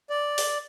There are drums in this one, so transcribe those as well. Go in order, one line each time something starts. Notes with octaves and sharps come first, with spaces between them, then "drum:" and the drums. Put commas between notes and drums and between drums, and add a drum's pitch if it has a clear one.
D5
drum: open hi-hat